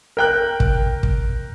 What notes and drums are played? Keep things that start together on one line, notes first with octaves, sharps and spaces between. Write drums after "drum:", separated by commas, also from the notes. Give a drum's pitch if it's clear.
A#4 G5 F#6
drum: kick
drum: kick